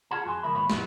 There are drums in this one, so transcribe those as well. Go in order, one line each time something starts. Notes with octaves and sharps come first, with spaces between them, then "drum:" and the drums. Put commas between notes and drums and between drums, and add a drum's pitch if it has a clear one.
F4 G#4 F#5 A5
F2 F#4 G#4 G#5 A5 C6
C#2 F3 A#4 E5 B5
D#2 G#2 B3 C#5 B5
F#2 A#2 F#3 B3 D#4 F4, drum: snare